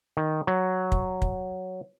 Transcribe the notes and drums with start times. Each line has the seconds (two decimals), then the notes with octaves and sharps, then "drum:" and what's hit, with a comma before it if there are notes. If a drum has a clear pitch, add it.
0.17 D#3
0.47 F#3
0.92 drum: kick
1.22 drum: kick